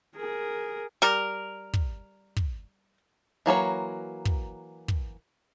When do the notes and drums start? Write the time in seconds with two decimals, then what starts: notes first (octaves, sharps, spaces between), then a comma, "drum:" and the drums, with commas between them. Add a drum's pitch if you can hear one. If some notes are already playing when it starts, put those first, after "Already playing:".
0.16 G#4 A#4
1.02 G3 A#4
1.74 drum: kick
2.36 drum: kick
3.46 E3 F#3 A#3 C#5
4.25 drum: kick
4.88 drum: kick